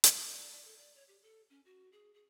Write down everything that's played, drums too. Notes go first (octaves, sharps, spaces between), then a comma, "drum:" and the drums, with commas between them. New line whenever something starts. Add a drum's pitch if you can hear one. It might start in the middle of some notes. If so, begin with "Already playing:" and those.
drum: hi-hat
D6
D5
D5
A4
D5
C#5
G4
A4
C#4
F#4
G#4
G#4